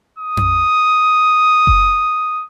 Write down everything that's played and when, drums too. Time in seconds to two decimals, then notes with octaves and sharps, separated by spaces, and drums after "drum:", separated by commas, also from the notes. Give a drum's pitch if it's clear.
0.18 D#6
0.37 drum: tom F2
1.67 drum: kick F#1